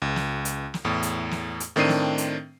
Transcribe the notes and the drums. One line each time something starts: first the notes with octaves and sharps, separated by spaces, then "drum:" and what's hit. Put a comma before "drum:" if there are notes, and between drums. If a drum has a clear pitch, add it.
C#2
drum: snare
drum: hi-hat
drum: snare
E2 A2
drum: hi-hat
drum: snare
drum: hi-hat
A2 D#3 C4 D4 C7 D#7
drum: snare
drum: hi-hat